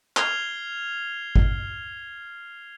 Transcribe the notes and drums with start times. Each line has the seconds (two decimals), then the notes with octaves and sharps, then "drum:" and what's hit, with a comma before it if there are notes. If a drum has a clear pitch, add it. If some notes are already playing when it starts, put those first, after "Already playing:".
0.17 F6 G#6 C7 F7 G7, drum: clap
1.36 drum: kick G#1